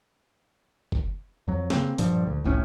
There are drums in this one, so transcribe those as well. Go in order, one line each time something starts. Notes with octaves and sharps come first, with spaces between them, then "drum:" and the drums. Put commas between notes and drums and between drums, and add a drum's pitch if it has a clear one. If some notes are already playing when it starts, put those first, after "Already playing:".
drum: kick F#1
F2 F#3
C#3 A#3 C4, drum: snare
G2 A#2 F3, drum: hi-hat
D2
F1 C2 A2 C#4